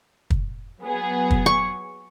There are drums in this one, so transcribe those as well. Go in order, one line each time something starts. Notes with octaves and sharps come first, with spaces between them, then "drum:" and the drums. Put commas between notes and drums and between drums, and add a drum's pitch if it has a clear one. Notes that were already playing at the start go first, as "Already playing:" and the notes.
drum: kick
F#3 B3 G#4
drum: kick
C#6